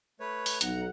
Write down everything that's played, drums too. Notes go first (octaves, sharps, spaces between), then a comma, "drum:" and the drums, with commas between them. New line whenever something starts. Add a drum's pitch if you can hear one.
A3 B4 C#5
drum: open hi-hat
B1 F#5 A#5, drum: hi-hat